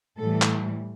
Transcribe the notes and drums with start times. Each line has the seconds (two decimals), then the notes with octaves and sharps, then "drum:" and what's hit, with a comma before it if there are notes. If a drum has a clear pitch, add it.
0.18 A2 E3 G3 A4
0.42 drum: clap